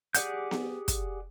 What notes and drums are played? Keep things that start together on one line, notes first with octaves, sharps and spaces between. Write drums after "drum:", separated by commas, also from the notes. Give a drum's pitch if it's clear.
G4 G#4 D5 F#5 G6, drum: hi-hat
drum: snare B3
drum: kick, hi-hat